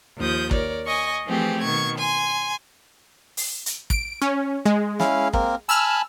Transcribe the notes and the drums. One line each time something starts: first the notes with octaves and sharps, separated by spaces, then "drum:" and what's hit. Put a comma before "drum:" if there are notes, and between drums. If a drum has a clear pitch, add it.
D#2 F3 D#6 G6
A#4 C#5 D5, drum: kick
D#5 G#5 C#6
E3 F3 A3 C4 G4 G#4
B2 D#3 C#6 G#6
G#5 C6
drum: open hi-hat
drum: hi-hat
D7, drum: kick
C#4
G#3
C#4 E4 F5, drum: snare
A#3 C4 A#4, drum: kick
G#5 A5 B5 E6 F6